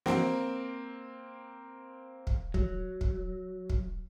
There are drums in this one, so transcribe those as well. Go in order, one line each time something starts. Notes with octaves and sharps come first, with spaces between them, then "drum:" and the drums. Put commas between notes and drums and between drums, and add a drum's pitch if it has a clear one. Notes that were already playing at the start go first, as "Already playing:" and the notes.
A#3 C4, drum: snare
drum: kick
F#3, drum: kick
drum: kick
drum: kick